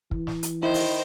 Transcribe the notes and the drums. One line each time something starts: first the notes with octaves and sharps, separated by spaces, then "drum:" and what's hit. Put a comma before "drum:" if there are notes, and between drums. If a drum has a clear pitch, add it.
E3, drum: kick
drum: snare
drum: hi-hat
D#3 E4 C5 B5
drum: open hi-hat